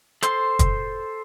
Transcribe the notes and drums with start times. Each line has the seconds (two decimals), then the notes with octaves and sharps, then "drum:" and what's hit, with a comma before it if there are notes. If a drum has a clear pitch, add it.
0.23 A4 C5 C6, drum: hi-hat
0.59 drum: kick, hi-hat